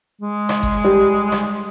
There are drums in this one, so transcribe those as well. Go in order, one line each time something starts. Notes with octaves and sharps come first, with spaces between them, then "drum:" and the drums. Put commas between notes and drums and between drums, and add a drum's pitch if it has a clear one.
G#3
drum: rim click
drum: kick G1
G3
drum: rim click